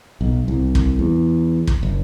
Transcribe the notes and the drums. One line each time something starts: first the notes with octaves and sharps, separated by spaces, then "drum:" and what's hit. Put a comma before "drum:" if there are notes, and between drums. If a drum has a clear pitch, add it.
B1
C2
drum: kick
E2
drum: kick
F#1